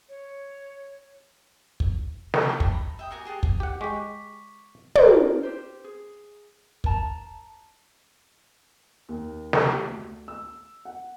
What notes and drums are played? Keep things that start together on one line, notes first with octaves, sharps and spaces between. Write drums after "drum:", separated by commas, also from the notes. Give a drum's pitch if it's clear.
C#5
drum: kick
drum: snare
G5 A5
A4, drum: kick
A#5 B5
E5 G5 D#6
F#4 A#4 G#5 D6
G4 G#4 F#5 A5
drum: kick
G4 F#5
G#3 G4 C#6 D6 B6
drum: tom
A#4 D#5
G4 C5
G#4
A#4 A5 A#5, drum: kick
D#2
drum: snare
G4
D2
E6
F#5